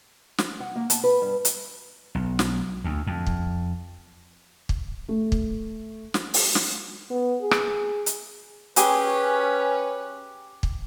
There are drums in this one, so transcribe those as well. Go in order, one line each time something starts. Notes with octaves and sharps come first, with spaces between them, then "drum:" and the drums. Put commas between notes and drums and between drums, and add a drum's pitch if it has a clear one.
drum: snare
F#5
A#3
A5, drum: hi-hat
B4
G2
drum: hi-hat
B1
drum: snare
D2
F2
drum: kick
drum: kick
A3
drum: kick
drum: snare
drum: open hi-hat
drum: snare
B3
G#4
drum: rim click
drum: hi-hat
C#4 G4 G#4 B4 B5, drum: hi-hat
drum: kick